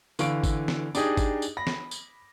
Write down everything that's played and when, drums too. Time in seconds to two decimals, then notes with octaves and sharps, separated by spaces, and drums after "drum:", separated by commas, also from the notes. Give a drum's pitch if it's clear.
0.19 D3 E3 F5 C#6 D7, drum: tambourine
0.44 drum: kick, tambourine
0.68 drum: snare
0.95 D4 D#4 G4 G#4 D#5, drum: tambourine
1.17 drum: kick, tambourine
1.42 drum: tambourine
1.57 B5 A#6
1.67 drum: snare
1.91 drum: tambourine